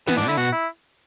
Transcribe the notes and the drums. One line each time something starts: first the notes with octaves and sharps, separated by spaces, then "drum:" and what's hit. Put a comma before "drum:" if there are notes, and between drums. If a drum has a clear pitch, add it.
E3 B3, drum: snare
G#2 D4
D3 E4
B2 F#4
E4